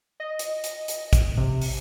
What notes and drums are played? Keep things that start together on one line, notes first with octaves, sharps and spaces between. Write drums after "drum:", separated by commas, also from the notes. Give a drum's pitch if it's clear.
D#5
drum: hi-hat
drum: hi-hat
drum: hi-hat
drum: kick, hi-hat
C3
drum: open hi-hat